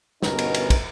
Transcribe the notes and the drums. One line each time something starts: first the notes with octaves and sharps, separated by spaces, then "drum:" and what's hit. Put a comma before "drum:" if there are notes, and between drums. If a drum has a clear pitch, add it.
G1 B2 B3 C#4 D#4 A#4, drum: snare
drum: cymbal
drum: cymbal
drum: kick, cymbal